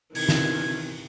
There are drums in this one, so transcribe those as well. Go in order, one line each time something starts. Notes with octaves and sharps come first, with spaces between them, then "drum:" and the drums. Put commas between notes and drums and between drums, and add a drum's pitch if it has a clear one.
C3 D#3 E3 G#6, drum: open hi-hat
drum: snare